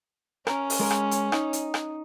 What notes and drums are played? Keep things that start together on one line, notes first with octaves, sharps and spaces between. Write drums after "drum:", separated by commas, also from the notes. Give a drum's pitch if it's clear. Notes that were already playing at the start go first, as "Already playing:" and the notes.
C#4 A#4, drum: rim click
drum: open hi-hat
G#3 A#4
drum: rim click
drum: hi-hat
D#4, drum: rim click
drum: hi-hat
drum: rim click